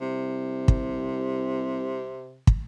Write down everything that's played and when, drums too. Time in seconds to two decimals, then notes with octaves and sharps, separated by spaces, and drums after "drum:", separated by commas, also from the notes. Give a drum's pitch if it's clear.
0.01 C2 C3
0.68 drum: kick
2.47 drum: kick